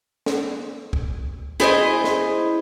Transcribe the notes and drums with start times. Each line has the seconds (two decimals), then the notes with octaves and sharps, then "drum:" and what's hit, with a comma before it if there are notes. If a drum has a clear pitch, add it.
0.26 drum: snare
0.93 drum: kick
1.60 E4 G#4 C5 D#5, drum: snare
2.04 drum: snare